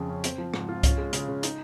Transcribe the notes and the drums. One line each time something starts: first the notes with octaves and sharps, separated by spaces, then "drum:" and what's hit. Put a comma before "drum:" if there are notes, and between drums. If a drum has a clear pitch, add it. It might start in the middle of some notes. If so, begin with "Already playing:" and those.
Already playing: F2 C#3 G#4
C#4
C4, drum: hi-hat
F3
G#2, drum: rim click
F4
C#4, drum: kick C2, hi-hat
G#3
C#3, drum: hi-hat
C#3
D#4, drum: hi-hat